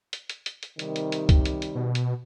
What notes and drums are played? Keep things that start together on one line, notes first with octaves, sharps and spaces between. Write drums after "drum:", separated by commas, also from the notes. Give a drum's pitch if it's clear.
drum: hi-hat
drum: hi-hat
drum: hi-hat
drum: hi-hat
C3 D#3 G3, drum: hi-hat
drum: hi-hat
drum: hi-hat
drum: kick C2, hi-hat
drum: hi-hat
drum: hi-hat
B2
drum: hi-hat